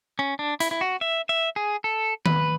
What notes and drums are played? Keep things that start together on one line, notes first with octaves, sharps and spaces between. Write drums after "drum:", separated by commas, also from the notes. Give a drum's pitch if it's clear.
C#4
D4
E4, drum: hi-hat
E4
F#4
E5
E5
G#4
A4
B4, drum: tom D#3